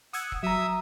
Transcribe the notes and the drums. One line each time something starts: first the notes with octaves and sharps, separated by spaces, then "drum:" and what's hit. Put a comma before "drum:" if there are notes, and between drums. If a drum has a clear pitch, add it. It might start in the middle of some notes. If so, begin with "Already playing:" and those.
F#5 D#6 E6 G#6, drum: hi-hat
drum: kick
F#3 E5 A#5 D#6 E6